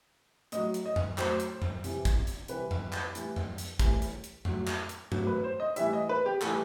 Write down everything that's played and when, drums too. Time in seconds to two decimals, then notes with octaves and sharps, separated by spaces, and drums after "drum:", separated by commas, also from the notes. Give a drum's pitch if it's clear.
0.52 A2 F#3 D#5, drum: hi-hat
0.74 drum: hi-hat
0.86 D#5
0.96 drum: tom F2
1.18 A2 F#3 C5, drum: clap
1.40 drum: hi-hat
1.62 drum: tom F2
1.84 C3 E3 G3, drum: hi-hat
2.05 drum: kick, hi-hat
2.27 drum: hi-hat
2.48 C3 E3 G3 B4, drum: hi-hat
2.71 drum: tom F2
2.93 drum: clap
3.15 A2 E3 G3, drum: hi-hat
3.36 drum: tom F2
3.58 drum: hi-hat
3.79 A2 E3 G3, drum: kick, hi-hat
4.02 drum: hi-hat
4.24 drum: hi-hat
4.45 A2 F#3, drum: tom F2
4.67 drum: clap
4.89 drum: hi-hat
5.12 A2 F#3, drum: tom G2
5.27 B4
5.44 C5
5.60 D#5
5.76 A2 E3 G3 E5, drum: hi-hat
5.93 D#5
6.09 B4
6.26 G4
6.42 A2 E3 G3 A4, drum: clap